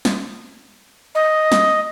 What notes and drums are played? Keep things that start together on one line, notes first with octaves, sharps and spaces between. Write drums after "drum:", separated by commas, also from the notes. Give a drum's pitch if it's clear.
drum: snare
D#5
drum: snare